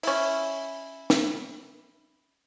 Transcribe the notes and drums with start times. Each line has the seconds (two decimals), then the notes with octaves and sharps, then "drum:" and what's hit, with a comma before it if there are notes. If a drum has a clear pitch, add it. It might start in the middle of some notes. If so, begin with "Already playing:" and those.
0.03 C#4 E4, drum: open hi-hat
1.10 drum: snare